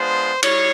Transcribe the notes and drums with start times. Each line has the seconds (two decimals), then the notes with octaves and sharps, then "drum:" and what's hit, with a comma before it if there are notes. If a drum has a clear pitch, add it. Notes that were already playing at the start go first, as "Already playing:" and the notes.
Already playing: G#3 B3 D4 F4 C5
0.43 G3 C#5, drum: cymbal